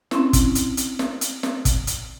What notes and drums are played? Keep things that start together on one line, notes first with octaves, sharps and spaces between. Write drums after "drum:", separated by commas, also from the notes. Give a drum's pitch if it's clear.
C4 C#4 E4, drum: snare
drum: kick, hi-hat
drum: hi-hat
drum: hi-hat
drum: snare
drum: hi-hat
drum: snare
drum: kick, hi-hat
drum: hi-hat